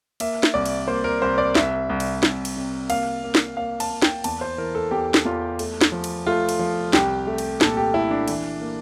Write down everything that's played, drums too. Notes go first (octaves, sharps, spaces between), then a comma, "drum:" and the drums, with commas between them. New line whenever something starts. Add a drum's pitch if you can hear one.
A#3 E5, drum: cymbal
drum: snare
C2 D5
drum: cymbal
A#3 C5
A#4
C2 C5
D5
C2 E5, drum: snare
C2
drum: cymbal
C2, drum: snare
drum: cymbal
C3
A#3 F5, drum: cymbal
A#3
drum: snare
A#3 F5
A5, drum: cymbal
A#3
G5, drum: snare
E2 A5, drum: cymbal
C5
E3 A#4
A4
E2 G4
drum: snare
E2 F4
A3, drum: cymbal
drum: snare
F3
drum: cymbal
A3 F4
drum: cymbal
F3
C2 G4, drum: snare
A3
drum: cymbal
A#2 A4, drum: snare
G4
A3 E4
D4
E3, drum: cymbal
A#3